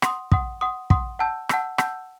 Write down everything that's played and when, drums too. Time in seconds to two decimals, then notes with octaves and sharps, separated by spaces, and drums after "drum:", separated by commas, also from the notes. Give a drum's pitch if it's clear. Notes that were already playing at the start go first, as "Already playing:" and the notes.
0.02 F#5 C6 D#6, drum: rim click
0.32 F#5 C6 D#6, drum: kick
0.61 F#5 C6 D#6
0.90 F#5 C6 D#6, drum: kick
1.19 F#5 A5 E6 G6
1.49 F#5 A5 E6 G6, drum: rim click
1.78 F#5 A5 E6 G6, drum: rim click